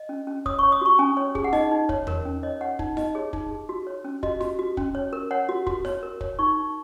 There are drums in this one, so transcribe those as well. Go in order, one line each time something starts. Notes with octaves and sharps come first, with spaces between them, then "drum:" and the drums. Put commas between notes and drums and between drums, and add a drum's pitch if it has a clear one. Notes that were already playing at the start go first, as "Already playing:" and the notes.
Already playing: D#5
C#4
C#4
C#5 D#6, drum: kick
C#5 C#6
D#6
F#4 C#6
C#4 G#5
C#5
G#4, drum: kick
F#5
D#4 D#5, drum: snare E4
D#4
C#5, drum: kick
A#4 C#5, drum: tom E2
C#4
C#5 D#5
C#5 F#5
D#4, drum: kick
D#4 D#5, drum: snare E4
G#4 C#5
D#4, drum: kick
G#4
F#4
C#5
C#4
F#4 D#5, drum: kick
F#4, drum: snare E4
F#4
C#4, drum: kick
C#5
A#4
C#5 F#5
F#4
F#4, drum: kick
C#5, drum: snare E4
A#4
C#5, drum: kick
D#4 C#6
D#4